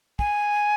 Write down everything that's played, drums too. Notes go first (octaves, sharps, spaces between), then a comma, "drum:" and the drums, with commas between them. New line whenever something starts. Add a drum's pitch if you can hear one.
G#5, drum: kick